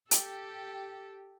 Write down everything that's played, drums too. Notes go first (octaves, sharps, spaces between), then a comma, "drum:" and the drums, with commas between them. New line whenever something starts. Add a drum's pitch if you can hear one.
G4 A4, drum: hi-hat